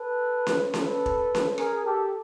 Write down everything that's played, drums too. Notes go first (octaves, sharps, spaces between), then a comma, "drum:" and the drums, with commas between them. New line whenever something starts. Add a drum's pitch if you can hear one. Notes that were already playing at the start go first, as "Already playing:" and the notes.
Already playing: A4 B4
drum: snare C#4
A4 B4, drum: snare C#4
drum: kick
drum: snare C#4
G#4 A#4, drum: rim click
G4 A4